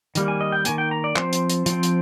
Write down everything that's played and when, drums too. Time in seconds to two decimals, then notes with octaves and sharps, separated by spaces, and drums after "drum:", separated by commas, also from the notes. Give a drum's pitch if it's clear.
0.15 D#3 G3 A#3, drum: hi-hat
0.28 G#5
0.41 D#5
0.52 G5
0.65 D#3 G3 A#3 G#5, drum: hi-hat
0.78 G5
0.91 A#5
1.04 D5
1.16 F3 C4 C5, drum: clap
1.33 drum: hi-hat
1.50 drum: hi-hat
1.66 F3 C4, drum: hi-hat
1.83 drum: hi-hat